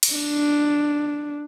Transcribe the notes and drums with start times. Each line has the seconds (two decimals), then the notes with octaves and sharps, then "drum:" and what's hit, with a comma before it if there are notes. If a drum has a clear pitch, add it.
0.03 drum: cymbal
0.13 D4